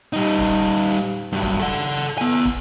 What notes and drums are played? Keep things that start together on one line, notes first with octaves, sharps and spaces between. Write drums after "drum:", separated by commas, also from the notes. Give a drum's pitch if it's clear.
G3 D#4
drum: kick
drum: hi-hat
G2 F#3
drum: kick, hi-hat
A4 F#5
drum: hi-hat
B3 G#5
drum: kick, hi-hat